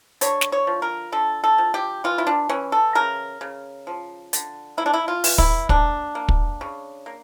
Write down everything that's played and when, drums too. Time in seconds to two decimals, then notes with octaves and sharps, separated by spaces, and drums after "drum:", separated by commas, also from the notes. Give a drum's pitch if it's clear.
0.21 D3 C#5, drum: hi-hat
0.41 drum: snare
0.52 C#5
0.67 F3
0.82 A#4
1.12 D3 A4
1.44 A4
1.58 F3
1.74 G4
2.04 E3 F4
2.18 E4
2.27 D4
2.49 E3 C#4
2.72 A4
2.95 C#3 A#4
3.41 C#3
3.87 F3
4.33 D3, drum: hi-hat
4.77 A#3 E4
4.86 D4
4.93 E4
5.08 F4
5.24 E3, drum: open hi-hat
5.38 E4, drum: kick
5.69 A#3 D4, drum: kick
6.15 A#3
6.28 drum: kick
6.61 C#3
7.06 A#3